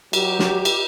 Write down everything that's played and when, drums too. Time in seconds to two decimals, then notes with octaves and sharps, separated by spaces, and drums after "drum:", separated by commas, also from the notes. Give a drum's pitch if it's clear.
0.13 F#3 G4, drum: cymbal
0.39 drum: snare
0.65 drum: cymbal